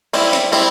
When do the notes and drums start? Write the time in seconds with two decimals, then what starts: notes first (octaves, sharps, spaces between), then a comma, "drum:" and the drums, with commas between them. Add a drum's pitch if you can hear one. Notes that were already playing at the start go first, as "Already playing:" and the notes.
0.13 G3 C4 E4, drum: open hi-hat
0.33 drum: hi-hat
0.52 G3 C4 E4, drum: open hi-hat